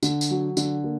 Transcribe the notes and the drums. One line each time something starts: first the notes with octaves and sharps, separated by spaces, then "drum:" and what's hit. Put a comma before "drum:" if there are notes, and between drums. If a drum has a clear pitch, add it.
D3, drum: tambourine
drum: tambourine
F#3
D3, drum: tambourine
A#3